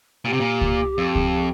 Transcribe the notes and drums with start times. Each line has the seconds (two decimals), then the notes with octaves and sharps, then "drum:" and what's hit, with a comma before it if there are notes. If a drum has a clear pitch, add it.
0.25 A#2 G4
0.33 C3
0.40 A#2
0.61 drum: kick C#2
0.98 F2
1.15 drum: kick C#2